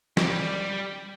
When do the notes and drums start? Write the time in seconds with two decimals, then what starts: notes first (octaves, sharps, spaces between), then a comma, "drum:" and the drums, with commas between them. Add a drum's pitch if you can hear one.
0.17 G3 G4, drum: snare